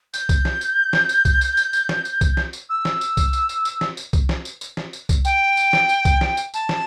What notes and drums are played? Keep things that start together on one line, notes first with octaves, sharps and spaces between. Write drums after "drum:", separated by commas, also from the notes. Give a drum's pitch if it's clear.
G6, drum: tambourine
drum: kick C2, tambourine
drum: snare
drum: tambourine
drum: snare
drum: tambourine
drum: kick C2, tambourine
drum: tambourine
drum: tambourine
drum: tambourine
drum: snare
drum: tambourine
drum: kick C2, tambourine
drum: snare
drum: tambourine
E6
drum: snare
drum: tambourine
drum: kick C2, tambourine
drum: tambourine
drum: tambourine
drum: tambourine
drum: snare
drum: tambourine
drum: kick C2, tambourine
drum: snare
drum: tambourine
drum: tambourine
drum: snare
drum: tambourine
drum: kick C2, tambourine
G5, drum: tambourine
drum: tambourine
drum: snare
drum: tambourine
drum: kick C2, tambourine
drum: snare
drum: tambourine
A5, drum: tambourine
drum: snare